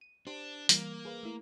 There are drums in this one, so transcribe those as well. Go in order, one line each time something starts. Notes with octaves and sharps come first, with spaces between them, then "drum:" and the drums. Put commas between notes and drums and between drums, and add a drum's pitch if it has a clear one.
D#7
D4 G4 C5
E3 G3 A#3, drum: hi-hat
G#4 B4 F5
A3 E4